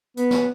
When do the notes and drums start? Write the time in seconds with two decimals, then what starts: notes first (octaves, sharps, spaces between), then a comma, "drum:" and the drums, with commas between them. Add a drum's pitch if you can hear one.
0.17 B3, drum: hi-hat
0.31 drum: snare